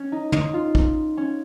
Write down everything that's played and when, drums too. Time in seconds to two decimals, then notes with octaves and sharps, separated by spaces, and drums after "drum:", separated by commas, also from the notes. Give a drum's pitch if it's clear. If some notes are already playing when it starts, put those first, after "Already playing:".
Already playing: C#4
0.12 D#4
0.32 D#4, drum: tom
0.54 F4
0.75 drum: kick
1.17 C#4